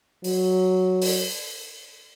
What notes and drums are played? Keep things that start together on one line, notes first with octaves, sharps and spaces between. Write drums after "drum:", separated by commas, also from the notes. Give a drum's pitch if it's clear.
F#3, drum: open hi-hat
drum: open hi-hat